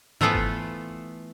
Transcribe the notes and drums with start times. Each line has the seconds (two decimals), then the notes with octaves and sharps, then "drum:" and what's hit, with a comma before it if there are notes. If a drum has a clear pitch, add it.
0.21 E3 A3 B3 F4 A4 B4, drum: tom G#2
0.35 drum: kick